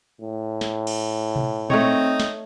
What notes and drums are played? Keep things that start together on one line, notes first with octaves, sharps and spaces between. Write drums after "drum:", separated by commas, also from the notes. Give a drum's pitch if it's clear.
A2
drum: snare
drum: cymbal
drum: tom B2
A3 C4 D#4 C#5, drum: tom A#2
drum: snare